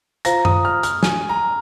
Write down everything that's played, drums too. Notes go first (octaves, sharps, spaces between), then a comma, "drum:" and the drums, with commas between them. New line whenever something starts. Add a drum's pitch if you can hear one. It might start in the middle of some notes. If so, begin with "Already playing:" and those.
F4 C5 F5 A#5 A#6, drum: hi-hat
D#6, drum: tom F#2
F6
F6, drum: hi-hat
G#5, drum: snare
A#5